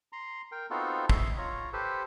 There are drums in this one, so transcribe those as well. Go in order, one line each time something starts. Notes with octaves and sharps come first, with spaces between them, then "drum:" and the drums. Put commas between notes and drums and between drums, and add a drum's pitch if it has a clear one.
A#5 C6
A#4 G5
B3 C4 D#4 F4 F#4 A4
D#5 E5 C6 C#6, drum: kick
F4 C#5 A#5
G4 A4 B4 C5